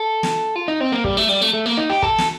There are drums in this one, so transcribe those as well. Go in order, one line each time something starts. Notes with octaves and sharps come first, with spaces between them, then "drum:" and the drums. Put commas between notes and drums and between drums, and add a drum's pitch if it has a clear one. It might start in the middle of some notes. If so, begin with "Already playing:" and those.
Already playing: A4
drum: snare
F4
D#4
C4
A#3
G3, drum: kick
A3
G3
A3
A3
A#3
D#4
G4
A4, drum: kick
drum: snare